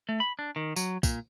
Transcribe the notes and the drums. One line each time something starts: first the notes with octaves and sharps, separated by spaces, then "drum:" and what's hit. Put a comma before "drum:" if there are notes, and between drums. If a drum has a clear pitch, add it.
A3
B5
D4
D#3
F#3, drum: tambourine
A#2, drum: kick, tambourine